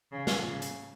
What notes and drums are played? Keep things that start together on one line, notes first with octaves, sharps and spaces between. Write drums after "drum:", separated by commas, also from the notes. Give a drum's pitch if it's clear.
C#3
drum: snare
C#3
drum: hi-hat